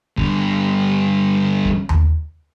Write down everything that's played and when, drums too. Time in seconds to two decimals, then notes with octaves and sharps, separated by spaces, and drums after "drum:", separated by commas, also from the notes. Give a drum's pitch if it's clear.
0.17 G2 D3, drum: kick
1.65 drum: kick
1.89 drum: tom D#2